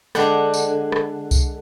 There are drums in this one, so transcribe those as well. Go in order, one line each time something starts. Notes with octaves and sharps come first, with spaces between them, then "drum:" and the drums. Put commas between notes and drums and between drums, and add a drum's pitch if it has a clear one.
D3 G#3 D4 F#5 G5, drum: rim click
drum: tambourine
drum: rim click
drum: kick C2, tambourine